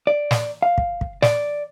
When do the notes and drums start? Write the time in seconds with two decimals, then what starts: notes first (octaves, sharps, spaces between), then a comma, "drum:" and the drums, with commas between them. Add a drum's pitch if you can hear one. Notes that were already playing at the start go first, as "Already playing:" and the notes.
0.07 D5
0.31 drum: snare
0.62 F5
0.78 drum: kick
1.01 drum: kick
1.22 D5, drum: snare